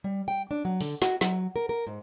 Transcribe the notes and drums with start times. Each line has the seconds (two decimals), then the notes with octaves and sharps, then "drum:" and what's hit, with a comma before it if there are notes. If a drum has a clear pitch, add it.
0.04 G3
0.28 G5
0.51 D4
0.65 F#3
0.81 D3, drum: open hi-hat
1.02 F#4, drum: snare
1.21 F#3, drum: snare
1.56 A#4
1.69 A#4
1.87 G#2